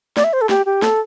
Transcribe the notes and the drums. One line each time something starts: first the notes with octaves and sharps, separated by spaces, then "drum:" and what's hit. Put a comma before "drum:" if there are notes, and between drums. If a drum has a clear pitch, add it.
D5, drum: snare
E5
C5
A4
G4, drum: snare
G4
A4, drum: snare